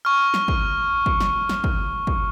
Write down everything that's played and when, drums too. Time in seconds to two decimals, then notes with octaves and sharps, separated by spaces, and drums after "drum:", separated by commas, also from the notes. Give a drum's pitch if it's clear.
0.05 C#6 F6
0.34 drum: snare
0.48 drum: kick
1.06 drum: kick
1.20 drum: snare
1.49 drum: snare
1.64 drum: kick
2.07 drum: kick